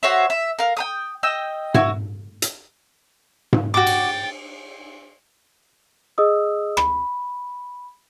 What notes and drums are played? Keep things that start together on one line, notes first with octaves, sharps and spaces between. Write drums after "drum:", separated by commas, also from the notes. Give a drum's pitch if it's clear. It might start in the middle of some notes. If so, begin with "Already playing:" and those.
F#4 C5 C#5 E5
E5
A#4 F5
G5 A#5 D#6
D#5 G5 E6
E4 F#4, drum: tom G#2
drum: hi-hat
drum: tom G#2
F#4 G5 D6 A6
drum: cymbal
G#4 D#5 D#6 E6
B5, drum: rim click